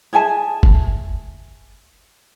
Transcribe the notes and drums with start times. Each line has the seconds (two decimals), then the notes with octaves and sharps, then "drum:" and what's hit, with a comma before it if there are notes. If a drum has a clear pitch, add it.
0.13 G#4 E5 G#5 A5
0.63 drum: kick G1